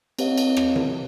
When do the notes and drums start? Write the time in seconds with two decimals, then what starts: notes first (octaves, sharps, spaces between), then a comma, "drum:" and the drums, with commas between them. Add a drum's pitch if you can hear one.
0.19 C4 G4 B4 C#5 D#5 F5, drum: cymbal
0.38 drum: cymbal
0.57 drum: rim click
0.76 drum: tom C3